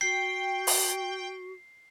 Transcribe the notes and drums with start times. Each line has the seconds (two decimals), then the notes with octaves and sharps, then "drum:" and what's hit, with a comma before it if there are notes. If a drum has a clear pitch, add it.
0.01 F#4 G5 C7
0.67 drum: open hi-hat